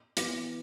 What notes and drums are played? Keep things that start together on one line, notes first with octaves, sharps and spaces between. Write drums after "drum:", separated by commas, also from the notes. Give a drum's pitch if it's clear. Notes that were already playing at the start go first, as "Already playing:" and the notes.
E3 B3 D6, drum: hi-hat